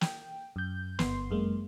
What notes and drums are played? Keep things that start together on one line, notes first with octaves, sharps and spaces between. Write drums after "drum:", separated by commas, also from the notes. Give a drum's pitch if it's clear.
G5, drum: snare
F#2 G6
G1 B3 C6, drum: snare
F#2 G#3 A#3